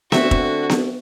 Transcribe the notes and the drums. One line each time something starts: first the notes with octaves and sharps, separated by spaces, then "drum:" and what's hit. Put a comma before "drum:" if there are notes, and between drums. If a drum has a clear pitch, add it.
D3 A3 C4 F#4 E5, drum: snare B3
drum: kick
drum: snare B3